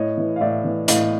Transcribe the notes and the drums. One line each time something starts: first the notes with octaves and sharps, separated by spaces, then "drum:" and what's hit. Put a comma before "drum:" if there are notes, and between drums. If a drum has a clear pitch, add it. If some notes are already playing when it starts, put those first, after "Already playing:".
Already playing: A2 C#5 D#5
E3
F5
A2 D5 E5
E3
A2 D#5 F5, drum: hi-hat